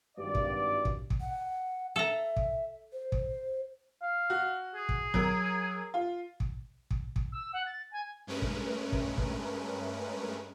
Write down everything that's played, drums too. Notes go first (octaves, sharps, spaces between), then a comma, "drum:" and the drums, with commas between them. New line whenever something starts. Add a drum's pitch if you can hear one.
G#1 G2 D5
drum: kick
drum: kick
drum: kick
F#5
A4 E5 A#5
drum: kick
C5
drum: kick
F5
F#4
G#4
drum: kick
F#3 A#4, drum: kick
F4
drum: kick
drum: kick
drum: kick
E6
F#5
A6
G#5
G2 G#3 A3 C#4 A#4 B4
drum: kick
drum: kick
drum: kick